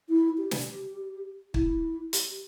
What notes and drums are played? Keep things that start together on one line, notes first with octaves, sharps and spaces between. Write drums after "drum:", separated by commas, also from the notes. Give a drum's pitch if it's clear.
E4
G4
drum: snare
E4, drum: kick
G4, drum: hi-hat